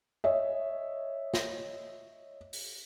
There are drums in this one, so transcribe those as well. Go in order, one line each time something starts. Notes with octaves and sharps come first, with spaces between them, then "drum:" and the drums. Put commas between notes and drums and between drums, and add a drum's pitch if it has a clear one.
C#5 D#5 E5
drum: snare
drum: open hi-hat